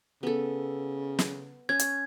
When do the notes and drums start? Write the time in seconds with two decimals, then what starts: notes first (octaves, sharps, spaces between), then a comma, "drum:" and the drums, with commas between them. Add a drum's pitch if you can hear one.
0.23 C#3 B3 A4
1.19 drum: snare
1.69 C#4 G#6
1.79 drum: hi-hat